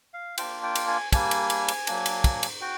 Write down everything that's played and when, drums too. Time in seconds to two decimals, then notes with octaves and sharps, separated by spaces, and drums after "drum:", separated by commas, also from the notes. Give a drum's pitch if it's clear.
0.14 F5
0.38 A#3 D4 F4 G5, drum: cymbal
0.63 G5
0.75 drum: cymbal
0.88 G#5
1.12 G3 A#3 D4 G#5, drum: kick, cymbal
1.31 drum: cymbal
1.50 drum: cymbal
1.68 drum: cymbal
1.87 F#3 A#3 D4, drum: cymbal
2.06 drum: cymbal
2.24 drum: kick, cymbal
2.43 drum: cymbal
2.61 F#4 G5